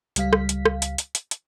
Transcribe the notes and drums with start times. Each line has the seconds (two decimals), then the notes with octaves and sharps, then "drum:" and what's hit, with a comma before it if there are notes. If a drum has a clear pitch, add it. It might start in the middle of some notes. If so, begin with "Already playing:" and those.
0.16 C#2 G3 F5 B6, drum: hi-hat
0.33 drum: rim click
0.49 drum: hi-hat
0.66 drum: rim click
0.82 drum: hi-hat
0.98 drum: hi-hat
1.15 drum: hi-hat
1.31 drum: hi-hat